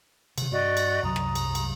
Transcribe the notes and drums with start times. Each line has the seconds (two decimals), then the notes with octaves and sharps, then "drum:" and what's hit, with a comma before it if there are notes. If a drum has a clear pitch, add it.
0.38 C3 D#3, drum: cymbal
0.52 G2 F#4 D5 D#5
0.77 drum: cymbal
1.03 C2 F#2 F#3 A#5 D#6
1.16 drum: rim click
1.35 drum: cymbal
1.55 drum: cymbal